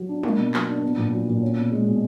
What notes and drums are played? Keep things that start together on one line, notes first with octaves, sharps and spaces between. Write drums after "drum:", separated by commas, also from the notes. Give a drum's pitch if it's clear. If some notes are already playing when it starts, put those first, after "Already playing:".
Already playing: F#3
D4
A#3, drum: tom G3
B2
F#3, drum: clap
D4
B3
A#2
F#3
A#2
C#4
B2
G#3
B2